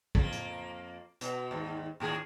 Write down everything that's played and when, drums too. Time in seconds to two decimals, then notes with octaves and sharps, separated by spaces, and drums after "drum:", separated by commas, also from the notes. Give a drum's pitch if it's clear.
0.15 F2 A#3, drum: kick
0.33 drum: hi-hat
1.21 B2, drum: hi-hat
1.51 D#2 G#2
2.00 D#2 A2 G#4